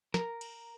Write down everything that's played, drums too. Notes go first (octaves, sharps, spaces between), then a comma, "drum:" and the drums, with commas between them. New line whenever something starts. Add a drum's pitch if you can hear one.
A#4, drum: snare
drum: cymbal